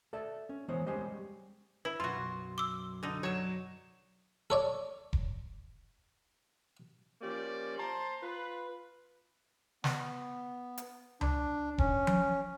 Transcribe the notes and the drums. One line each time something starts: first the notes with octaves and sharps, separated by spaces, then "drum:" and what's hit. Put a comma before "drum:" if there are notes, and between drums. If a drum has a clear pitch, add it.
A4 D5 E5
C#4
E3 G#3 B3 C5 C#5
G3 G#3 C#4 G4 C5 D#5
E4 B4
F#2 B2 F4 F#4 C6
B1
D6 E6
D3 D#4
F#3 F#4 C#5 E7
A4 C#5 D5
drum: kick E1
F3 A#3 C#4 G4 D5
C5 A5 A#5 C6
F4 B4
B3, drum: snare
drum: hi-hat
D4, drum: tom C#2
C#4, drum: kick E1
drum: tom F3